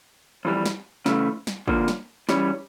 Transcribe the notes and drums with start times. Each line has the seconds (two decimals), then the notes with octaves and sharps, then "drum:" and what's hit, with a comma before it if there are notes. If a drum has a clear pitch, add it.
0.45 F2 E3 G3
0.65 drum: snare
1.06 C#3 E3 A3, drum: snare
1.47 drum: snare
1.68 D3 F3 A#3, drum: kick
1.88 drum: snare
2.29 E3 G3 C#4, drum: snare